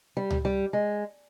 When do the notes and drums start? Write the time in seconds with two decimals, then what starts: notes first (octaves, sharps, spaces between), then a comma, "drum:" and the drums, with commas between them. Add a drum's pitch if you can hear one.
0.17 G3
0.30 drum: tom C#2
0.45 G3
0.73 G#3